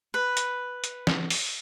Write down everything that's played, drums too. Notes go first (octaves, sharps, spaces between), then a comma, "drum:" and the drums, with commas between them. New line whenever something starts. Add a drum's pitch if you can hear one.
B4
drum: hi-hat
drum: hi-hat
drum: snare
drum: open hi-hat